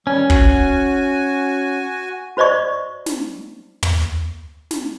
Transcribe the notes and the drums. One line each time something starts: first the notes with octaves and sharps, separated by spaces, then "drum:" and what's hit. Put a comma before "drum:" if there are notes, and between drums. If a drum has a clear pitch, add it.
D#2 G3 C#4
F#4 G#5, drum: kick
F#4 C5 D5 D#5 C#6
drum: snare
drum: tom
drum: snare